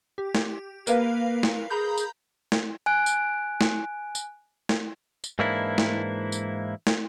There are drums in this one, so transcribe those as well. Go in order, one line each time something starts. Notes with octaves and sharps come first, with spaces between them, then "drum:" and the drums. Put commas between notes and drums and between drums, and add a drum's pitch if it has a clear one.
G4
drum: snare
A#3 A#4 B4 F5, drum: tambourine
drum: snare
G#4 A#5 B5 G6
drum: tambourine
drum: snare
G#5 F#6 D7
drum: tambourine
drum: snare
drum: tambourine
drum: snare
drum: tambourine
G#2 E3 A#3 D4 E4
drum: snare
drum: tambourine
drum: snare